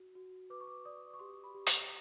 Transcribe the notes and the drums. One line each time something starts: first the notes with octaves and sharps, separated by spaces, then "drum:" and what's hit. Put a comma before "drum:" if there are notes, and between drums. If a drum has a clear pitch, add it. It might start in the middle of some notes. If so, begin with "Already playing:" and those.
Already playing: F#4
F#4
B4 D6
C#6
D6
D5 D#6
C#6
G4 C6
B5
G4
A#5, drum: hi-hat